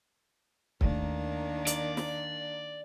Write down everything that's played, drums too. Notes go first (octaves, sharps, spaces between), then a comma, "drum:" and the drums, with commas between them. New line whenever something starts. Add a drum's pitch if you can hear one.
D#2 D#3 A3 A#3 D4, drum: kick C#1
D5, drum: hi-hat
drum: snare